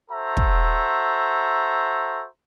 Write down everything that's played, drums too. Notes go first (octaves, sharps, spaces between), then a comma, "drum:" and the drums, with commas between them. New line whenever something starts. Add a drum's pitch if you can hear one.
F#4 A4 C5 E5 A#5
drum: kick